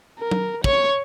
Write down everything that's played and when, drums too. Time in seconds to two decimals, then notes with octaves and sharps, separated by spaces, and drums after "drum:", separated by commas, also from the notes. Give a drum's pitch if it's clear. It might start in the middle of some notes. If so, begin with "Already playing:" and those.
0.19 A#4
0.31 drum: tom
0.64 C#5 C#6, drum: kick